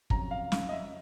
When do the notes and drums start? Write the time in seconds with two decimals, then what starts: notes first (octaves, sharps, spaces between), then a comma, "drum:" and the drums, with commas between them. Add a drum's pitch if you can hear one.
0.10 F2 C#3 F#3 A#5, drum: kick
0.31 F5
0.52 F5, drum: snare
0.69 D#5
0.73 E5